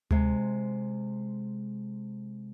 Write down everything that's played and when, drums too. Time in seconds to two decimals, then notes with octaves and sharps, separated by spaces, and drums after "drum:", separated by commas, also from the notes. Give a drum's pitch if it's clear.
0.11 C3 G#3, drum: tom D2